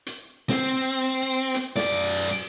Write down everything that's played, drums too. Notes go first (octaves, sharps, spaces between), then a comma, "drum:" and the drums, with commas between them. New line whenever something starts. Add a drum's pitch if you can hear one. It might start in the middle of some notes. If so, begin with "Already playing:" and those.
drum: hi-hat
C4, drum: snare
drum: hi-hat
F#2 D5, drum: snare
drum: open hi-hat